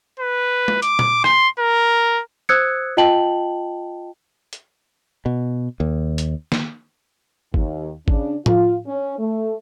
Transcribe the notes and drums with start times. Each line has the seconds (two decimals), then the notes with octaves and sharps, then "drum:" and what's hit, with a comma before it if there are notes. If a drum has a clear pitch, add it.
0.20 B4
0.68 drum: tom G#3
0.82 D6, drum: hi-hat
0.99 drum: tom A#2
1.24 C6, drum: rim click
1.60 A#4
2.49 C5 D#6 E6 F#6 G#6 C#7
2.97 F4 D#5 G5 A5 F#7
4.53 drum: hi-hat
5.26 B2
5.80 D#2
6.18 drum: hi-hat
6.52 drum: snare
7.54 D#2, drum: kick G#1
8.08 C#3 D4, drum: kick G#1
8.46 F4, drum: tom A2
8.87 C#4
9.19 A3